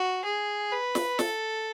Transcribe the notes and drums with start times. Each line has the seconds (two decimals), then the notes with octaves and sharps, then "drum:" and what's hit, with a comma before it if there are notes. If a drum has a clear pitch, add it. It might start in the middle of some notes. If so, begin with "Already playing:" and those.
Already playing: F#4
0.25 G#4
0.72 B4
0.95 drum: snare
1.19 A4, drum: snare